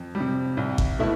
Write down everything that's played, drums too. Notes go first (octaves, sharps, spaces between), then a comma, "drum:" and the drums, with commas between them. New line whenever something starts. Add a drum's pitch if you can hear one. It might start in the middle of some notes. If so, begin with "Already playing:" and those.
Already playing: F2
G3
C3
C2
drum: kick G#1
B2 A3 E4